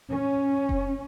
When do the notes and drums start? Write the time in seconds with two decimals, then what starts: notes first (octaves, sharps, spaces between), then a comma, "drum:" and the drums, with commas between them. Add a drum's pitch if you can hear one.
0.11 C#4
0.69 drum: kick F1